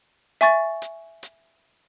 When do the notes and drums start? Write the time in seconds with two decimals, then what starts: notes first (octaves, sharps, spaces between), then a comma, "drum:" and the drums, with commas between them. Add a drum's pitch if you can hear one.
0.41 E5 G#5 C#6 A6, drum: hi-hat
0.82 drum: hi-hat
1.23 drum: hi-hat